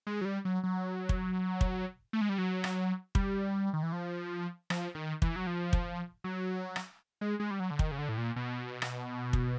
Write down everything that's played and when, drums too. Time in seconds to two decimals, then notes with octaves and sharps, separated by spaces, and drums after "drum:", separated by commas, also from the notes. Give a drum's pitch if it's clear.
0.07 G#3
0.21 F#3
0.25 G3
0.45 F#3
0.64 F#3
1.09 drum: kick
1.61 drum: kick
2.13 A3
2.21 G#3
2.29 G3
2.38 F#3
2.64 drum: rim click
3.15 G3, drum: kick
3.73 D#3
3.83 E3
3.92 F3
4.70 F3, drum: rim click
4.95 D#3
5.22 E3, drum: kick
5.36 F#3
5.47 F3
5.73 drum: kick
6.24 F#3
6.76 drum: rim click
7.21 G#3
7.40 G#3
7.51 G3
7.60 F#3
7.71 D3
7.79 D#3, drum: kick
7.91 C#3
7.99 D3
8.09 A2
8.18 A#2
8.36 B2
8.82 drum: rim click
9.33 drum: kick